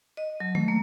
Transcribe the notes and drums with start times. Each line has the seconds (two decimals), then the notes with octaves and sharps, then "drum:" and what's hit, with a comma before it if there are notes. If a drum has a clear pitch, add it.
0.17 D#5
0.40 F#3
0.55 A3, drum: tom D#3
0.68 A#3